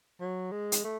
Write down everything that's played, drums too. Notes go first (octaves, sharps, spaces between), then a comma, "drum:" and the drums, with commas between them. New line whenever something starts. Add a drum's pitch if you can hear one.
F#3
G#3
drum: hi-hat
A3